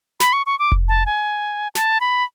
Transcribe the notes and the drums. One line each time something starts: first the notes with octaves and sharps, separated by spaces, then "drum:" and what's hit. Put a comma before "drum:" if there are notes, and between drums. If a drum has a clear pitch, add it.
B5, drum: snare
C#6
C#6
D6
drum: kick F1
A5
G#5
A5, drum: snare
B5